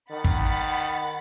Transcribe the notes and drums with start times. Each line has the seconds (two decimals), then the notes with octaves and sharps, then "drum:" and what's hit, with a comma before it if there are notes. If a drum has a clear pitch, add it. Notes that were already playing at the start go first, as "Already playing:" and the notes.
0.11 D#3 F#5 B5 A6
0.24 drum: kick